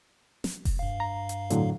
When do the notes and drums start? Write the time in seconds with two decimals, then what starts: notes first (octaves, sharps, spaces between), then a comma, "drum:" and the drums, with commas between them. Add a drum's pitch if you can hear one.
0.44 drum: snare
0.65 drum: kick F1, open hi-hat
0.79 G2 F5
1.00 A#5
1.29 drum: hi-hat
1.50 A2 D3 F#3, drum: hi-hat